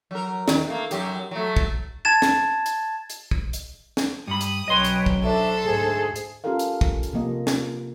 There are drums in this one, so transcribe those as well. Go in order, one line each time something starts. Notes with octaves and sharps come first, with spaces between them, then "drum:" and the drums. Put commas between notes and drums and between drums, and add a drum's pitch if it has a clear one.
F#3 A#4
D#3, drum: snare
A3 A#3
F#2 F#3 G4, drum: hi-hat
F#3 A3
drum: kick
A5 G#6 A6 E7
drum: snare
drum: hi-hat
drum: hi-hat
drum: kick
drum: hi-hat
drum: snare
G2 B5 D#6
drum: hi-hat
B1 F#3 C#4 B4 C#5 D#5 G5 C6
drum: hi-hat
drum: kick
D4 A4 C5 E5
D2 G#2 G#4
drum: hi-hat
C#4 F4 G4 A4 A#4 F5
drum: hi-hat
drum: kick
drum: hi-hat
C3 F3 A#3 D#5
drum: snare